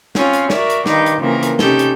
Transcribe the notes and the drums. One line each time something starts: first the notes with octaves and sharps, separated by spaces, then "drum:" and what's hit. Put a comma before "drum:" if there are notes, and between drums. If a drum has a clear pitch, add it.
C4 C#4 F4 F5, drum: snare
drum: hi-hat
F#4 A#4 D5 E5, drum: snare
drum: hi-hat
G2 D#3 D#4 D6, drum: snare
drum: hi-hat
F2 C#3 E3 A#3 A#4
drum: hi-hat
C3 C#4 D#4 G4 A4 G6, drum: snare
drum: hi-hat